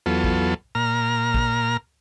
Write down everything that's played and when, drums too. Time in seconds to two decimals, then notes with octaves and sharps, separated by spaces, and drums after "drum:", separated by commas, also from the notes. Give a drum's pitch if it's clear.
0.06 E2 F#3 B3 F4 A4
0.24 drum: kick
0.75 A#2 A#5 F6
1.34 drum: kick